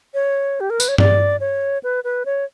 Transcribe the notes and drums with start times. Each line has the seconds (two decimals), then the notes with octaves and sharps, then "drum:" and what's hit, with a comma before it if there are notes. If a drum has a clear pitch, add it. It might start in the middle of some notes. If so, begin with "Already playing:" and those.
0.14 C#5
0.60 G4
0.70 A#4
0.80 B4, drum: tambourine
0.88 C#5
0.98 D5, drum: tom G2
1.40 C#5
1.83 B4
2.04 B4
2.26 C#5